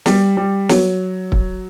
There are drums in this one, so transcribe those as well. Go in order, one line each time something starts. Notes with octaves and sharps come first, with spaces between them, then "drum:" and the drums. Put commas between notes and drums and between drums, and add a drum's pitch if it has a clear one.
G3, drum: snare
G3
F#3, drum: snare
drum: kick